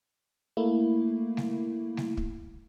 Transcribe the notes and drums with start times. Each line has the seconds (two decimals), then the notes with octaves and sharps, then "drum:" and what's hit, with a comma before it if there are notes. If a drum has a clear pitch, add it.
0.57 A3 A#3 E4
1.37 drum: snare G3
1.97 drum: snare G3
2.17 drum: kick